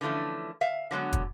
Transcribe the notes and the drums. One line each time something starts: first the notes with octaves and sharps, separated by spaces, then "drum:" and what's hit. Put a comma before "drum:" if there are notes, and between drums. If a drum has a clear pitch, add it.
D3 E3 F3 A3 C#4
E5 F5
D3 F#3 G#3 B3
drum: kick, hi-hat